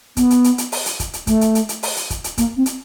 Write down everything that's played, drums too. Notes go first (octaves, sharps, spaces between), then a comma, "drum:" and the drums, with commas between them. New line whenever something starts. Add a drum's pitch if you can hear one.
B3, drum: kick, hi-hat
drum: hi-hat
drum: hi-hat
drum: hi-hat
drum: open hi-hat
drum: hi-hat
drum: kick, hi-hat
drum: hi-hat
A3, drum: kick, hi-hat
drum: hi-hat
drum: hi-hat
drum: hi-hat
drum: open hi-hat
drum: hi-hat
drum: kick, hi-hat
drum: hi-hat
A#3, drum: kick, hi-hat
C4
drum: hi-hat